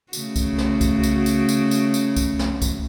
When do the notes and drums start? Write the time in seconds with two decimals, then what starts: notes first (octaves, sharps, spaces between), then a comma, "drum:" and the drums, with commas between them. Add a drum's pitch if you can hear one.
0.13 C#3 A3 F#4, drum: tambourine
0.36 drum: kick C2, tambourine
0.58 drum: snare
0.81 drum: kick C2, tambourine
1.03 drum: tambourine
1.26 drum: tambourine
1.49 drum: tambourine
1.71 drum: tambourine
1.94 drum: tambourine
2.16 drum: kick C2, tambourine
2.39 drum: snare
2.62 drum: kick C2, tambourine